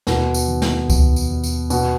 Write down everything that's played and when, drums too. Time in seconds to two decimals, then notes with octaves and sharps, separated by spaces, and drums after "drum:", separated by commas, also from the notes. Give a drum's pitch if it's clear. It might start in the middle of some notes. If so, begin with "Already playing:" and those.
0.07 D#2 B2, drum: snare
0.34 drum: tambourine
0.48 D#3
0.62 drum: snare
0.90 D#2, drum: kick C#2, tambourine
1.16 drum: tambourine
1.30 D#2
1.44 drum: tambourine
1.70 B2 B3, drum: tambourine